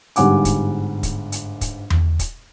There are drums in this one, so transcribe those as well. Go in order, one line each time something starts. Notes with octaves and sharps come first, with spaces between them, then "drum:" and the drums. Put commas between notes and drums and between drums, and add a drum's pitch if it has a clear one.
G1 G#2 G3 F#5 G#5 D6, drum: hi-hat
drum: kick, hi-hat
drum: kick, hi-hat
drum: hi-hat
drum: kick, hi-hat
drum: tom E2
drum: kick, hi-hat